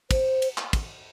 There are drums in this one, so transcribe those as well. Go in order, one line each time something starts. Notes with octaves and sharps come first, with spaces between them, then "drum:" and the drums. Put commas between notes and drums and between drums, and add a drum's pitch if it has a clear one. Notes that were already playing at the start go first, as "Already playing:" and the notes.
C5, drum: kick, cymbal
drum: cymbal
drum: clap
drum: kick, cymbal